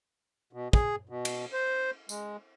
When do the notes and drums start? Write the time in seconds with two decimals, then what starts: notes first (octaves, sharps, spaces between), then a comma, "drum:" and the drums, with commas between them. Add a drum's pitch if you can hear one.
0.53 B2
0.73 G#4, drum: kick
1.09 B2
1.25 drum: cymbal
1.53 C5
2.09 G#3, drum: tambourine